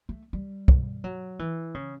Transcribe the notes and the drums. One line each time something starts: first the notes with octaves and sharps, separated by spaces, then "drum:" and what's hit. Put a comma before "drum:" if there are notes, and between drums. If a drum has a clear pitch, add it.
A3
G3
drum: kick
F#3
E3
C#3